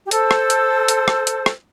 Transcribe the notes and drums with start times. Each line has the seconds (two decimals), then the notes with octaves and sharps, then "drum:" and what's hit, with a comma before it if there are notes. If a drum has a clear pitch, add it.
0.06 G4
0.11 A4 C5, drum: hi-hat
0.31 drum: rim click
0.50 drum: hi-hat
0.88 drum: hi-hat
1.08 drum: rim click
1.27 drum: hi-hat
1.46 drum: rim click